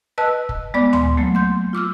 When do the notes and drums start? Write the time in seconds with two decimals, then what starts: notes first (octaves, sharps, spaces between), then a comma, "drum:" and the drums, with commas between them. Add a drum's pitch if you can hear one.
0.18 B4 D#5 A5 E6 F#6
0.49 drum: kick
0.74 G#3 B3 D5 B5 D6
0.93 G#5 C6, drum: tom D2
1.17 F#3 A3 A#3
1.35 C6 G6
1.73 F4 D6 E6 F6